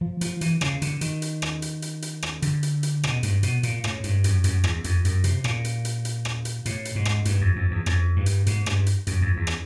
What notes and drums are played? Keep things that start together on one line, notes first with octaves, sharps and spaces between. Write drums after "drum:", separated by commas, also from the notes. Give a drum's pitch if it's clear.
F3
F3, drum: hi-hat
E3, drum: hi-hat
C#3, drum: rim click
D3, drum: hi-hat
D#3, drum: hi-hat
drum: hi-hat
drum: rim click
drum: hi-hat
drum: hi-hat
drum: hi-hat
drum: rim click
D3, drum: hi-hat
drum: hi-hat
drum: hi-hat
B2, drum: rim click
G2, drum: hi-hat
B2, drum: hi-hat
A#2, drum: hi-hat
A2, drum: rim click
G2, drum: hi-hat
F#2, drum: hi-hat
F#2, drum: hi-hat
E2, drum: rim click
F2, drum: hi-hat
F#2, drum: hi-hat
C3, drum: hi-hat
A#2, drum: rim click
drum: hi-hat
drum: hi-hat
drum: hi-hat
drum: rim click
drum: hi-hat
A2, drum: hi-hat
drum: hi-hat
G#2
drum: rim click
G2, drum: hi-hat
F2
F2
E2
F2, drum: rim click
G2
drum: hi-hat
G#2, drum: hi-hat
G2, drum: rim click
drum: hi-hat
F#2, drum: hi-hat
F2
E2
drum: rim click